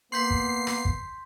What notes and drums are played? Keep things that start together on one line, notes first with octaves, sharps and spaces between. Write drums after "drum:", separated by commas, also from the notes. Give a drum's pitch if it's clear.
A#3 B3 C6 G6 B6 C7
drum: kick
drum: rim click
drum: kick